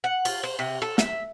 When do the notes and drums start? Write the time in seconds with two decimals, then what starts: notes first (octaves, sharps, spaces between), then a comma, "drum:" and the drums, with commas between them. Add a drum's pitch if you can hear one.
0.04 F#5
0.25 F4, drum: cymbal
0.43 C5
0.59 C3
0.82 A4
0.98 E5, drum: snare